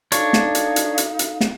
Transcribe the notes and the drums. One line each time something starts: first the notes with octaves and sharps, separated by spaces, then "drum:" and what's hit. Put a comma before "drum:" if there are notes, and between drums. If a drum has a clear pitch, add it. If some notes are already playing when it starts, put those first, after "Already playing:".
D4 D#4 A4 C#5 F5, drum: hi-hat
drum: snare
drum: hi-hat
drum: hi-hat
drum: hi-hat
drum: hi-hat
drum: snare